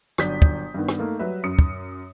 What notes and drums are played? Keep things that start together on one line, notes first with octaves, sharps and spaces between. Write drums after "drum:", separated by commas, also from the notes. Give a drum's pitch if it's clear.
G1 F#3 D4 D#6 G6 B6, drum: rim click
drum: kick
G2 D#3 B3
drum: rim click
A3 A#3 D#4
F#3 G3 B4 E5
F#2 D#6 C#7
drum: kick